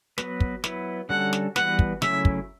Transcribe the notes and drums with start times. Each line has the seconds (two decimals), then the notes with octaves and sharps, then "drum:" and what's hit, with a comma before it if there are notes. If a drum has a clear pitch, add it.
0.18 F#3 B3 F#4 B4, drum: snare
0.40 drum: kick
0.64 F#3 B3 E4 B4, drum: snare
1.09 D3 G3 C#4 F#4 A4 F#5
1.33 drum: snare
1.56 E3 G3 B3 F#4 B4 F#5, drum: snare
1.79 drum: kick
2.02 C#3 F#3 A3 C#4 E4 E5, drum: snare
2.25 drum: kick